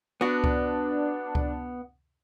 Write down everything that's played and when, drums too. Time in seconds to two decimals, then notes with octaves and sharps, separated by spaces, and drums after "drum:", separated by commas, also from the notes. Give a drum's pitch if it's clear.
0.21 B3 D4 F#4
0.44 drum: kick C#2
1.35 drum: kick C#2